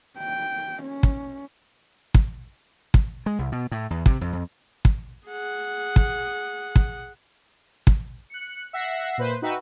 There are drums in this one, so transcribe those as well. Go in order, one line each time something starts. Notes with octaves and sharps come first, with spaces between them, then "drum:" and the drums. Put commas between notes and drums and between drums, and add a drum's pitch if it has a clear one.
G5
C#4
drum: kick
drum: kick
drum: kick
G#3
C2
B2
A2
E2
C3, drum: kick
F2
F2
drum: kick
G#4 F#5
drum: kick
drum: kick
drum: kick
F#6 C#7
E5 F#5 A#6 C7
A#2 B4 C5
D#4 F#4 B4 E5 G5